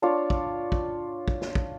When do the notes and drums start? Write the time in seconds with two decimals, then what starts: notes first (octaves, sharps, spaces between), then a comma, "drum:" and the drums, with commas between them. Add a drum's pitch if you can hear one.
0.02 D4 F4 C#5 D5
0.30 drum: kick
0.72 drum: kick
1.28 drum: kick
1.41 drum: snare
1.55 drum: kick